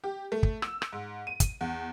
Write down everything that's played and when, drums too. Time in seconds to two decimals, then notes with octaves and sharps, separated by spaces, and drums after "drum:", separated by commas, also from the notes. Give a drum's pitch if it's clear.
0.04 G4
0.32 A3
0.43 drum: kick
0.62 E6, drum: rim click
0.82 drum: rim click
0.92 G#2
1.27 D#7
1.40 drum: kick, hi-hat
1.61 E2